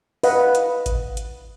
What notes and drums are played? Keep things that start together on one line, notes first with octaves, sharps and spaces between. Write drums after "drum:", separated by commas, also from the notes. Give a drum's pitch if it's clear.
B4 D#5 F5 F#5, drum: open hi-hat
drum: hi-hat
drum: kick G#1, hi-hat
drum: hi-hat